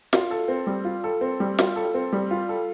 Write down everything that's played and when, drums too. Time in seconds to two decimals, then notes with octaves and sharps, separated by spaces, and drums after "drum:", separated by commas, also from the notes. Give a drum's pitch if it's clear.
0.13 F4, drum: snare
0.31 A4
0.48 C4
0.67 G3
0.85 F4
1.04 A4
1.21 C4
1.40 G3
1.59 F4, drum: snare
1.76 A4
1.94 C4
2.13 G3
2.31 F4
2.49 A4